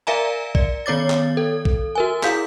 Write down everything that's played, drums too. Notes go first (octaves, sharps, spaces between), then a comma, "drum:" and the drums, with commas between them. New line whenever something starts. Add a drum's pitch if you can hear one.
A#4 D5 E5 F5 G#5 A#5
D5, drum: kick A#1
D#3 B3 C#5 D6 A6
drum: clap
A4
drum: kick A#1
F#4 A#4 G#5
E4 G#4 F5 G6 B6, drum: clap